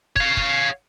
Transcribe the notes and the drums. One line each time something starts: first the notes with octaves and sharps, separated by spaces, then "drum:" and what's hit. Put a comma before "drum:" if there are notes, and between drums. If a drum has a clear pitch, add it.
C#5 F5, drum: kick
drum: kick